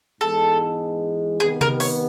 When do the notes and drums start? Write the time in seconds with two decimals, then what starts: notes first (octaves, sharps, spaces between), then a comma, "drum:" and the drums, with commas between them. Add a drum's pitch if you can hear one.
0.20 G#2 E3 G#3 B3 A4
1.40 C3 D#3 G3 B3 G#4
1.61 A#4, drum: tom C3
1.80 C#5, drum: open hi-hat